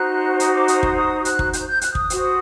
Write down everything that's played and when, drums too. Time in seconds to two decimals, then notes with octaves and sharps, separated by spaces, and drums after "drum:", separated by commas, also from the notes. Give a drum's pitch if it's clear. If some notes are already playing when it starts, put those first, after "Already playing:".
Already playing: D#4 F#4 C5 F#6
0.40 D#6, drum: hi-hat
0.54 D6
0.68 D#6, drum: hi-hat
0.83 D#6, drum: kick
0.96 D#6
1.20 D#6
1.25 F#6, drum: hi-hat
1.39 drum: kick
1.53 G6, drum: hi-hat
1.68 G6
1.81 F#6, drum: hi-hat
1.95 D#6, drum: kick
2.10 F#4 C5, drum: hi-hat